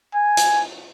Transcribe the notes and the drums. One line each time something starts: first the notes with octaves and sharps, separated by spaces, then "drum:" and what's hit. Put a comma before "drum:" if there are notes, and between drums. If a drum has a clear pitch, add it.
G#5
drum: hi-hat